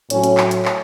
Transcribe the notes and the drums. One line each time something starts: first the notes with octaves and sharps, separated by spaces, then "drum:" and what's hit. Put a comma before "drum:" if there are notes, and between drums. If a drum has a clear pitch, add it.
A2 F#3 C#4, drum: hi-hat
drum: hi-hat
drum: clap
drum: hi-hat
drum: clap